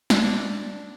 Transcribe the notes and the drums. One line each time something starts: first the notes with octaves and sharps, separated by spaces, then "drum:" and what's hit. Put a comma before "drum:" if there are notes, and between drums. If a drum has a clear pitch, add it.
D4, drum: snare